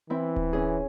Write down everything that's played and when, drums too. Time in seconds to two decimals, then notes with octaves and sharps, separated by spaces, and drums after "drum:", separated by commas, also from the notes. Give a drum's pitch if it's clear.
0.10 E3 C4 E4
0.36 drum: kick D1
0.53 C#4 G#4